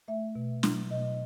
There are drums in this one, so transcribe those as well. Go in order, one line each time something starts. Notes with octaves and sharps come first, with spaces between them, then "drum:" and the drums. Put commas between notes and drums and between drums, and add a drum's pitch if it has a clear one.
A3 E5
B2
F#3, drum: snare
B2 D#5